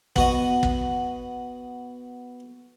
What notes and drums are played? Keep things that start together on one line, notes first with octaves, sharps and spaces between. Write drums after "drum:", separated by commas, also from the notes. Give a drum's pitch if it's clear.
B3 F#4 D#5, drum: kick
drum: kick